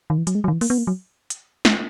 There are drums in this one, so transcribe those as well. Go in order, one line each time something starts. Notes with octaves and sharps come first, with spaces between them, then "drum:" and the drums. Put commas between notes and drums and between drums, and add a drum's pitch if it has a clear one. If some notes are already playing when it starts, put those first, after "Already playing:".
D#3
E3
F#3, drum: hi-hat
G#3
F#3
D#3
E3
A#3, drum: open hi-hat
B3
A#3
F#3
drum: hi-hat
drum: snare